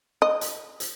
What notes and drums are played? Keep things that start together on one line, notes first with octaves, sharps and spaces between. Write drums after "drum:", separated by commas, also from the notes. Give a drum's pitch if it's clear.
D#5
drum: hi-hat
drum: hi-hat